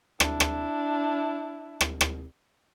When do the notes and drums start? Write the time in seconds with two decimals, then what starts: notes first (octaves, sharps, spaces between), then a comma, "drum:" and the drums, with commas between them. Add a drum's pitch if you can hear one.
0.20 D4 E4, drum: rim click
0.40 drum: rim click
1.81 drum: rim click
2.01 drum: rim click